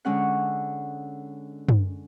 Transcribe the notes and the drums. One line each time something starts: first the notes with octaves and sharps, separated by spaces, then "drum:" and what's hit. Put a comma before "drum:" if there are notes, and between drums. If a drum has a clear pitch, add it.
D3 G#3 C#4 F#5
drum: tom